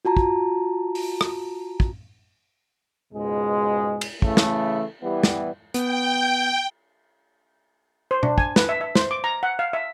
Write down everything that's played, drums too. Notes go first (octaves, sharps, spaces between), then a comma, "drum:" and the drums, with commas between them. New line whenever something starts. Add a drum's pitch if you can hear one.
F4 F#4 A5 A#5
drum: kick
drum: open hi-hat
drum: rim click
drum: kick
C#2 G#2 B2 G#3
drum: cymbal
C#3 E3 A3, drum: kick
drum: snare
E3 G3 B3 E4 G4
drum: snare
B3 G5, drum: hi-hat
C5
D4, drum: tom B2
G#5, drum: kick
B4, drum: snare
E5
E5
C5, drum: snare
D6
A#5
F#5
F5
E5